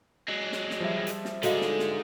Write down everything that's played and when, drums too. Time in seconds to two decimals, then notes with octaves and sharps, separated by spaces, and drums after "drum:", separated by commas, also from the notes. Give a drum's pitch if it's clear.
0.28 F#3 G#3
0.52 drum: snare
0.70 drum: snare
0.80 F3 G3 E5
1.07 drum: hi-hat
1.25 drum: snare
1.43 G#2 D3 G#3 D#4 F#4 F5, drum: hi-hat
1.61 drum: snare
1.79 drum: snare